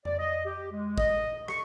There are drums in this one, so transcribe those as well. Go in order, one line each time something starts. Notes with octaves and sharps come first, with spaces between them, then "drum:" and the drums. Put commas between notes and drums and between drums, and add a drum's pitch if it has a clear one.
D5, drum: tom F2
D#5
G4
G#3
D#5, drum: kick
C#6, drum: rim click